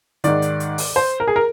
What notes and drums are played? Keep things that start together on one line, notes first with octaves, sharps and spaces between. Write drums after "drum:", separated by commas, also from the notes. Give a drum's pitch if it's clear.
G#2 D#3 D5, drum: hi-hat
drum: hi-hat
drum: hi-hat
drum: open hi-hat
C5
A#4
G#4
A#4